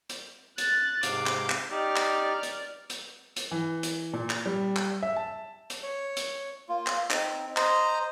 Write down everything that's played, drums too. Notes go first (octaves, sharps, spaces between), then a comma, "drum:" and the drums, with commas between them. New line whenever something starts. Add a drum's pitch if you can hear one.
drum: hi-hat
F#6 A6, drum: hi-hat
G#2 C3 F5 D6, drum: hi-hat
drum: clap
drum: clap
D#4 G4 D5 F6
drum: clap
drum: hi-hat
drum: hi-hat
drum: hi-hat
E3
drum: hi-hat
A#2
drum: clap
G3
drum: clap
E5
A5
drum: hi-hat
C#5
drum: hi-hat
A#3 F4
drum: clap
C4 D#4, drum: clap
C5 D#5 A#5, drum: clap